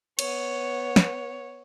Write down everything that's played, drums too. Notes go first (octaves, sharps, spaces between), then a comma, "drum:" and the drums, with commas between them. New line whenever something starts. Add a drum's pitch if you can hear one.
B3 C#5, drum: cymbal
drum: snare